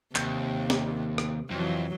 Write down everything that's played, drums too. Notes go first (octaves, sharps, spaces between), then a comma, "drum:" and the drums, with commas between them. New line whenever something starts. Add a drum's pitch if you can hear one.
D#2 C3, drum: clap
drum: snare
drum: rim click
F2 E3 F#3